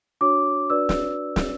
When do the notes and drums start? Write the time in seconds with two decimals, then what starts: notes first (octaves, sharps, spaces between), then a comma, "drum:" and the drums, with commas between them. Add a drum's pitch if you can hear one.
0.21 D4 F#4 C#5 D6
0.70 D4 F#4 B4 D5 E6
0.89 drum: snare
1.36 drum: snare